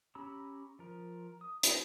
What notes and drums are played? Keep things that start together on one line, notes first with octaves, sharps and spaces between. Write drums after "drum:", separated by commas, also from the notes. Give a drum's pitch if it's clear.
C#4 G4 A#5 B5 E6
F3 A#4
D#6
drum: hi-hat